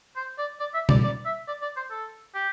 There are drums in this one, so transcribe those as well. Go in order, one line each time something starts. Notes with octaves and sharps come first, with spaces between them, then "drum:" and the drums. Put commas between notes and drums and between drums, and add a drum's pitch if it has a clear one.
C5
D5
D5
E5
D5, drum: tom B2
D5
E5
D5
D5
C5
A4
G4